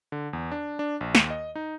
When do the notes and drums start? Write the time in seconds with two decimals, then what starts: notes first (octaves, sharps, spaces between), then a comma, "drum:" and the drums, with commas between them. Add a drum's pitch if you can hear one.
0.12 D3
0.33 E2
0.52 D4
0.79 D4
1.01 A#1
1.15 D#2, drum: snare
1.30 D#5
1.55 D#4